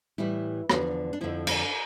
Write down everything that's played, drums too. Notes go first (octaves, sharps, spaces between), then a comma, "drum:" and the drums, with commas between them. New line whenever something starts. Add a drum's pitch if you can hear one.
A2 E3 G3 E4
E2 D3 F3 D4, drum: rim click
D4
F2 D3 F3 E4
D4, drum: cymbal